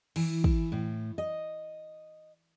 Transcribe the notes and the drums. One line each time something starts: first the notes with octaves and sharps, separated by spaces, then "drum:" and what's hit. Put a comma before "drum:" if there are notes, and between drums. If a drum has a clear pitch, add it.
E3, drum: cymbal
drum: kick
A2
D#5